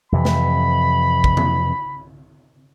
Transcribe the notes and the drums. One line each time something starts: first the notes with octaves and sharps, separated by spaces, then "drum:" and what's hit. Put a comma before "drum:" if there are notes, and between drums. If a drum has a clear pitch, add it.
F2 C3 E3 B5
drum: snare
drum: kick
drum: tom